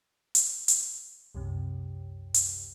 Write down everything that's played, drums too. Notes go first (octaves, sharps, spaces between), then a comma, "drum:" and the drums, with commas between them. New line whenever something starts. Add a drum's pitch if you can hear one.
drum: hi-hat
drum: hi-hat
C2 F#2 C3
drum: hi-hat